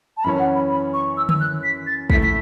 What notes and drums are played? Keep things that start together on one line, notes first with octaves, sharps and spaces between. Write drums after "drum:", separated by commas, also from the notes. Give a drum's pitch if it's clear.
A5
F#2 E3 C#4 B5
F#5
B5
B5
C#6
E6
E6, drum: tom D3
F#6
B6
A6
A2 A3 E4 B6, drum: kick
B6